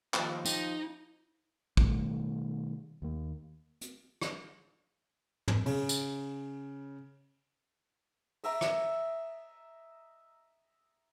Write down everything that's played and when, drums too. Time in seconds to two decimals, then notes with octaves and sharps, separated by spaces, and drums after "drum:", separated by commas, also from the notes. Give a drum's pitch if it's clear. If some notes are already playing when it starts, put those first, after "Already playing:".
0.14 D#2 F3 D#5 A5, drum: clap
0.46 D#4 G4, drum: tambourine
1.77 B2 D#3 G3 A3, drum: kick
3.02 D#2 A#3
3.81 drum: hi-hat
4.21 drum: rim click
5.48 drum: tom
5.66 C#3, drum: open hi-hat
5.89 drum: tambourine
8.44 D#5 E5 A#5, drum: open hi-hat
8.61 drum: rim click